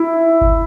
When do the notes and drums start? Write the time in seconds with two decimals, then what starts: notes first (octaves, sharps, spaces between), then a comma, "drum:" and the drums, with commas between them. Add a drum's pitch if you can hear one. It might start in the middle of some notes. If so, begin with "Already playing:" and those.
Already playing: E4
0.41 drum: kick G1